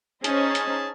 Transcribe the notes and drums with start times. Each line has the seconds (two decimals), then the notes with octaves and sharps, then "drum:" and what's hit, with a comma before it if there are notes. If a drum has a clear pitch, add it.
0.24 C#4 D#4 G#4 C5 A5, drum: hi-hat
0.55 drum: hi-hat